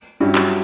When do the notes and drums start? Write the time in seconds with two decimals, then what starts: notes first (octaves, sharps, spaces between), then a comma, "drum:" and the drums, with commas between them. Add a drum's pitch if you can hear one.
0.20 G2 F#3 C#4 E4 G4
0.35 drum: clap